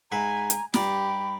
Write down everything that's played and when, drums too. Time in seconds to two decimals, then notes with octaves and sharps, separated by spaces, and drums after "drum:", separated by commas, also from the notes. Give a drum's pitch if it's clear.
0.12 G#2 B4 E5 G#5 A#5
0.50 drum: hi-hat
0.74 G2 G4 D5 A#5 B5, drum: snare